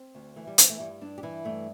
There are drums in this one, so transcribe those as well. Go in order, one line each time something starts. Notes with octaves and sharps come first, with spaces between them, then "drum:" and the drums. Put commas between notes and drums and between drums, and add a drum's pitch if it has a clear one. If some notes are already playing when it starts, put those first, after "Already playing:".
Already playing: C4
D2
E3 A3
G3
E3 C4, drum: hi-hat
A3
G2 G3
G2 D4
G4
E3 E4
G2 A3